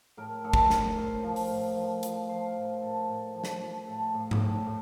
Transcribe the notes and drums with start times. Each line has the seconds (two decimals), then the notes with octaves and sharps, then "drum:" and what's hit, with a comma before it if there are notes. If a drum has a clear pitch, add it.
0.17 A2 A#4
0.44 A2 A4
0.53 drum: kick
0.70 A2 A#4, drum: snare
0.97 A2 C5
1.23 F3 A#4
1.36 drum: open hi-hat
1.50 A2
1.76 F3
2.03 F3, drum: hi-hat
2.29 F3 C5
2.46 A#4
2.56 A2
2.64 A#4
2.82 A2 A4
3.08 A2
3.35 F3
3.44 drum: snare
3.61 F3
3.87 A2 A4
4.14 A2
4.31 drum: tom G#2
4.41 A2
4.67 A2